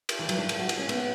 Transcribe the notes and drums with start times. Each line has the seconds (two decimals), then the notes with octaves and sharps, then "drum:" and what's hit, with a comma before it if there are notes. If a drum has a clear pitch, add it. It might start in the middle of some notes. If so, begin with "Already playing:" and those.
0.09 drum: cymbal
0.19 E3
0.29 F#3, drum: cymbal
0.39 D4
0.49 drum: cymbal
0.59 F#4
0.69 drum: cymbal
0.79 C#4
0.89 B3, drum: cymbal